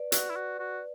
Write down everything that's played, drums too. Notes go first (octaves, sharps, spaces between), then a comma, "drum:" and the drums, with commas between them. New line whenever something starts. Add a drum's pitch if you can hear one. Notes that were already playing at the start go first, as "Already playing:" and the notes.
Already playing: B4 D5
F#4, drum: hi-hat
E4
F#4
F#4